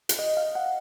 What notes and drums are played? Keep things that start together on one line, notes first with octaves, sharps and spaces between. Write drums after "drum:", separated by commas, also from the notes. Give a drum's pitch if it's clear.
drum: hi-hat
D#5
F5
F#5